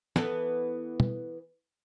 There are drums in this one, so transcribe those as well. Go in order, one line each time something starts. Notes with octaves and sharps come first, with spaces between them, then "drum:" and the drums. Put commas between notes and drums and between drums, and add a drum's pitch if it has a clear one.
E3 B3 A4, drum: snare
drum: tom